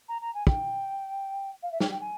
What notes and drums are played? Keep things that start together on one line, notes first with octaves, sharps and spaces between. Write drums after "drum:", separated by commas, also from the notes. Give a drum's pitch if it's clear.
A#5
A#5
G#5
G5, drum: kick
F5
E5
G5, drum: snare
G5
G#5